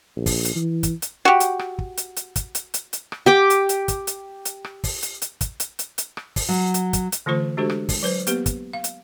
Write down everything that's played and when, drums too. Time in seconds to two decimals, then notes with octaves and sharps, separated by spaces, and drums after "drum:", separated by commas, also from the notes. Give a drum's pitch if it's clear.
0.16 A#1
0.26 drum: kick, open hi-hat
0.45 drum: hi-hat
0.55 E3
0.83 drum: kick, hi-hat
1.02 drum: hi-hat
1.25 F#4 G4
1.40 drum: hi-hat
1.59 drum: rim click
1.79 drum: kick
1.98 drum: hi-hat
2.17 drum: hi-hat
2.36 drum: kick, hi-hat
2.55 drum: hi-hat
2.74 drum: hi-hat
2.93 drum: hi-hat
3.12 drum: rim click
3.26 G4 G5 D6
3.50 drum: hi-hat
3.69 drum: hi-hat
3.88 drum: kick, hi-hat
4.07 drum: hi-hat
4.45 drum: hi-hat
4.64 drum: rim click
4.84 drum: kick, open hi-hat
5.03 drum: hi-hat
5.22 drum: hi-hat
5.41 drum: kick, hi-hat
5.60 drum: hi-hat
5.79 drum: hi-hat
5.98 drum: hi-hat
6.17 drum: rim click
6.36 drum: kick, open hi-hat
6.49 F#3
6.74 drum: hi-hat
6.93 drum: kick, hi-hat
7.12 drum: hi-hat
7.26 D3 E3 A3 F4 C5 C#6
7.57 G#3 D4 F#4 G4 A4 C5
7.70 drum: rim click
7.89 drum: kick, open hi-hat
8.03 F#3 B4 C5
8.27 A#3 B3 G4 B4, drum: hi-hat
8.46 drum: kick, hi-hat
8.73 F5
8.84 drum: hi-hat